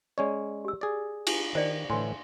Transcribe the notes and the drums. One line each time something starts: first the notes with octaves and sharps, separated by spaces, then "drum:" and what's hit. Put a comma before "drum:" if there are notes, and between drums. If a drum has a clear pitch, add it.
G#3 C#4 C#5 D5
G4 E6
G#4 D5
G#5, drum: cymbal
D#3 C5 D5
A2 D3 E3 G#5 C6